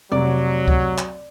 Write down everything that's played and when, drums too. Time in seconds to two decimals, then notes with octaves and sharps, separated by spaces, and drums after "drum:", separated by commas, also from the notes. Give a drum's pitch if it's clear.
0.12 F1 F#3 D5, drum: tom G3
0.68 drum: kick C#2
0.98 drum: clap